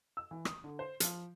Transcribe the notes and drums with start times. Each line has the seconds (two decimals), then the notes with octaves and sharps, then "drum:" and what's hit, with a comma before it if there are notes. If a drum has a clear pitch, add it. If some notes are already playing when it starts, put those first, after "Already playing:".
0.17 E6
0.31 E3
0.45 D#6, drum: rim click
0.64 D3
0.79 C5
1.00 F3, drum: hi-hat